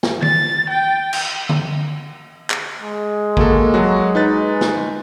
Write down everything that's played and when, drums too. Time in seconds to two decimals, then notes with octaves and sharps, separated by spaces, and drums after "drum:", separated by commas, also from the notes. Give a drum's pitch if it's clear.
0.03 drum: snare
0.22 A6, drum: tom
0.70 G5
1.13 drum: cymbal
1.49 drum: tom D3
2.50 drum: clap
2.82 G#3
3.37 A#3 F#4 A4, drum: kick
3.74 F#3 F#4
4.15 D#4 B4 A6
4.61 drum: snare